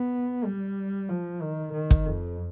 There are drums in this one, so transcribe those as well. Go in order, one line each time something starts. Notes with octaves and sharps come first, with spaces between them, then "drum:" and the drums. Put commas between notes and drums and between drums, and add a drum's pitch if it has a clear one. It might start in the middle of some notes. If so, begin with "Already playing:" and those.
Already playing: B3
G3
F3
D#3
D#3
drum: kick
F2